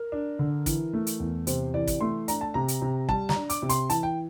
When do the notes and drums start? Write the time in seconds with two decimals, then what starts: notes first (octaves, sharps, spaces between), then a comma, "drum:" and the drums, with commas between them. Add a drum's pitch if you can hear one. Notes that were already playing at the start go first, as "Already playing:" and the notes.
Already playing: A#4
0.12 D4
0.39 D3
0.66 E3, drum: kick, hi-hat
0.93 A3
1.07 drum: hi-hat
1.20 E2
1.47 C3 C5, drum: hi-hat
1.74 E3 D5
1.87 drum: kick, hi-hat
2.01 A3 C6
2.28 D4 A#5, drum: hi-hat
2.41 A5
2.54 C3 A#5
2.68 drum: hi-hat
2.82 C3
3.09 G3 A5, drum: kick
3.29 A#5, drum: snare
3.36 D4
3.50 D6, drum: hi-hat
3.62 C3
3.69 C6, drum: hi-hat
3.90 E3 A5, drum: hi-hat
4.03 G5